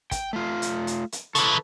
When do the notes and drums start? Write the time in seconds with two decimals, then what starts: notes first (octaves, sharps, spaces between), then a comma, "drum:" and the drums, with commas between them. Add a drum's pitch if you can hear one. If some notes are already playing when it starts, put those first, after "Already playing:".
0.11 G5, drum: kick, hi-hat
0.33 A3 F4
0.62 drum: hi-hat
0.87 drum: hi-hat
1.12 drum: hi-hat
1.35 C#3 E3 A4 B4, drum: hi-hat